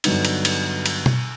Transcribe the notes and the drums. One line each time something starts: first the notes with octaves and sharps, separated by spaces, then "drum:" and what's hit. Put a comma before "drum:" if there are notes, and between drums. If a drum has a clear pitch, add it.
G2 D3 F#3 B3 D#4, drum: cymbal
drum: cymbal
drum: cymbal
drum: cymbal
drum: tom B2